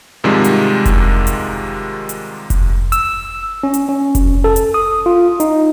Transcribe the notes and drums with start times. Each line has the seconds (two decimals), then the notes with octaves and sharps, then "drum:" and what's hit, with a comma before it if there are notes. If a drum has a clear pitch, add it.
0.24 G#2 C3 D#3 F3 G3 G#3
0.44 drum: hi-hat
0.85 drum: kick F1, hi-hat
1.27 drum: hi-hat
2.09 drum: hi-hat
2.50 drum: kick F1, hi-hat
2.92 E6, drum: hi-hat
3.63 C#4
3.74 drum: hi-hat
3.89 C#4
4.15 drum: kick F1, hi-hat
4.44 A4
4.56 drum: hi-hat
4.74 D#6
5.06 F4
5.40 D#4, drum: hi-hat